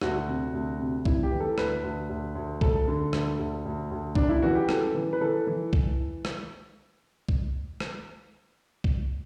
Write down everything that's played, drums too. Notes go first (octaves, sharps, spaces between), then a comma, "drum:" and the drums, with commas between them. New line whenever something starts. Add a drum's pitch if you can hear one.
D2 F#4, drum: rim click
C3
D2
C3
D2 E4, drum: kick C2
G4
E3
A4
D2 B4, drum: rim click
D2
D2
D2
D2 A4, drum: kick C2
D3
D2, drum: rim click
D2
D2
D2
F#2 D4, drum: kick C2
E4
E3 F#4
G4
F#2 A4, drum: rim click
E3
B4
E3 A4
E3
E3, drum: kick C2
drum: rim click
drum: kick C2
drum: rim click
drum: kick C2